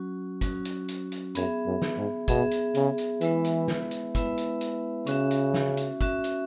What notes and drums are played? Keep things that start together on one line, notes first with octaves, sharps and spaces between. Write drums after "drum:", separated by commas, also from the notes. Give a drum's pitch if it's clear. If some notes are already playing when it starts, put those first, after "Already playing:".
Already playing: F#3 C#4 F#4
F#3 C#4 F#4, drum: kick, hi-hat
drum: hi-hat
drum: hi-hat
drum: hi-hat
F#2 B3 G#4 E5, drum: hi-hat
F#2
drum: snare
G#2
B2 B3 G#4 E5, drum: kick, hi-hat
drum: hi-hat
C#3, drum: hi-hat
drum: hi-hat
E3 G#3 B3 E4 B4 E5, drum: hi-hat
drum: hi-hat
drum: snare
drum: hi-hat
G#3 B3 E4 B4 E5, drum: kick, hi-hat
drum: hi-hat
drum: hi-hat
C#3 C#4 F#4 E5, drum: hi-hat
drum: hi-hat
drum: snare
drum: hi-hat
C#4 F#4 E5, drum: kick, hi-hat
drum: hi-hat